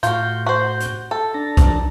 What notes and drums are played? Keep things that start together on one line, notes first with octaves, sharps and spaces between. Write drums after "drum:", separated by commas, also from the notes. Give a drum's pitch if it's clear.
A2 F4 F#4 G6, drum: hi-hat
F#4 C5
drum: hi-hat
A4
D4 A5 A#5
drum: kick B1, hi-hat